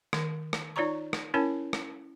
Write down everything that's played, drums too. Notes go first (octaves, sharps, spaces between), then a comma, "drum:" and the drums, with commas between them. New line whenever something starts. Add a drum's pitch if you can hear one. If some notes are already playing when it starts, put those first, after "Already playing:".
D#3, drum: rim click
drum: rim click
D#4 F4 C#5 D5 A#5 C#6
drum: rim click
C#4 E4 A#4 C#5 A5
drum: rim click